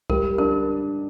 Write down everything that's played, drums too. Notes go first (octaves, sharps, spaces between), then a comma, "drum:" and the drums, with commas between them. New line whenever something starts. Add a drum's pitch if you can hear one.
G3 A#4, drum: kick C2
D4 A#4